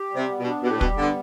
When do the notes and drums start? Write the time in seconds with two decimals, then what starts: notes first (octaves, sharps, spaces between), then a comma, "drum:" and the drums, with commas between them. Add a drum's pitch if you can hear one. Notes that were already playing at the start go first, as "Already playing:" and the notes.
Already playing: G4
0.10 G3
0.16 C3
0.28 B3
0.40 B2
0.45 D4
0.63 B2 G4
0.70 A2
0.78 B2
0.81 G3, drum: kick
0.98 D3 B3